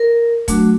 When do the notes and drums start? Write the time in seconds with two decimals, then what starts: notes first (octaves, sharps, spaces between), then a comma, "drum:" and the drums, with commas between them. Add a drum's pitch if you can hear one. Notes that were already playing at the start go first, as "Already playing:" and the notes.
Already playing: A#4
0.48 F#3 A3 D4 F#4, drum: kick C#1, hi-hat